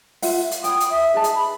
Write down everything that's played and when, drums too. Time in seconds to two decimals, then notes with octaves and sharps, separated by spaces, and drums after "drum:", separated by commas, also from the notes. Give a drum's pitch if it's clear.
0.22 F4 E5 F#5, drum: open hi-hat
0.51 drum: hi-hat
0.64 B4 C#5 G5 D#6, drum: hi-hat
0.80 drum: hi-hat
0.90 E5
1.14 D#4 G#4 B4 A5
1.24 drum: hi-hat
1.35 B5